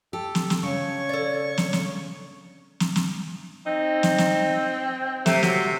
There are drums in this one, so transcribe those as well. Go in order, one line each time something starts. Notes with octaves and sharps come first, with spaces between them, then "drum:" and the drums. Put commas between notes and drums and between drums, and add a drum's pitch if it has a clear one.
G4 A4
drum: snare
drum: snare
C#3 C#5 C#6
A4 D5
drum: snare
drum: snare
drum: snare
drum: snare
C4 D#4
drum: snare
drum: snare
C3 A3, drum: snare
F#3, drum: snare